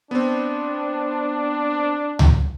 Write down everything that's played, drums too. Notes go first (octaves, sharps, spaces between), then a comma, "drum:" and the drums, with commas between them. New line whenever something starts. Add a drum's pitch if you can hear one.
B3 C4 D4
drum: tom C#2